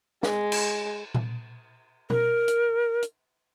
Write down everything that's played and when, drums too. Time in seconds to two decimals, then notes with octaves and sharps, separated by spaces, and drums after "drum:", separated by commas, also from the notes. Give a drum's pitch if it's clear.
0.23 G#3, drum: snare
0.52 drum: cymbal
1.15 drum: tom A#2
2.10 A#4, drum: tom B2
2.48 drum: hi-hat
3.02 drum: hi-hat